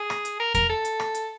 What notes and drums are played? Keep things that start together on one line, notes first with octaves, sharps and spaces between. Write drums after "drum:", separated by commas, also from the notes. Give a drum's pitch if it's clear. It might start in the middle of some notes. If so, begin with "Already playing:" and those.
Already playing: G#4
drum: rim click
drum: hi-hat
A#4
A#4, drum: kick E2, hi-hat
A4
drum: hi-hat
drum: rim click
drum: hi-hat